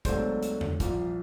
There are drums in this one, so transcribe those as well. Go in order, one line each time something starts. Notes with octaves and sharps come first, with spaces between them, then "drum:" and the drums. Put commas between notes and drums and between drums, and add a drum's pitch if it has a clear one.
C#2 B2 F#3 A3 D4 C5, drum: kick, hi-hat
drum: hi-hat
drum: tom E2
C2 A#2 F3, drum: kick, hi-hat